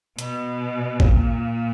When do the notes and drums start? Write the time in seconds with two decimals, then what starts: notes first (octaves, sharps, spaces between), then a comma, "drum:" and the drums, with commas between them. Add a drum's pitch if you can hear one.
0.19 B2, drum: hi-hat
1.00 A#2, drum: kick A1